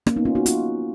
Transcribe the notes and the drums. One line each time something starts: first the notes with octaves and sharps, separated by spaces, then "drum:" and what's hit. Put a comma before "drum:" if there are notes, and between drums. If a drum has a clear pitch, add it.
A#3 C#4, drum: rim click
B3 D#4
C#4 F4
D#4 F#4
C#4 F4, drum: hi-hat